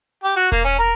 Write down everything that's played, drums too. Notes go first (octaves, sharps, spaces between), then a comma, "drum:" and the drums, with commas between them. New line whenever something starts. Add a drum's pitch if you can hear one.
G4
F#4
A#3, drum: kick E1, hi-hat
C#4
A#4, drum: hi-hat